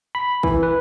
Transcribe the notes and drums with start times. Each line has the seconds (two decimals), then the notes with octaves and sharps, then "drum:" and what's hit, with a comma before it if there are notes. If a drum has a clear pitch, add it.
0.15 B5
0.43 E3, drum: kick
0.63 B4